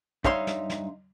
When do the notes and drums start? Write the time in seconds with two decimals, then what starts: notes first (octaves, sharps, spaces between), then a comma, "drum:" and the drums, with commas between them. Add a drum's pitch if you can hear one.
0.24 G2 D#4 C#5 E5 F5 C6, drum: kick
0.47 drum: snare
0.70 drum: snare